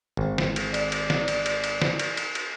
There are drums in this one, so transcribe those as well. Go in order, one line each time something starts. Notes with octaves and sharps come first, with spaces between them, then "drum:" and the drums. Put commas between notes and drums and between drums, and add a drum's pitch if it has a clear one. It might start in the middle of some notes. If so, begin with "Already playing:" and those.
G#1
drum: snare
drum: cymbal
D5, drum: cymbal
drum: cymbal
drum: snare
drum: cymbal
drum: cymbal
drum: cymbal
drum: snare
drum: cymbal
drum: cymbal
drum: cymbal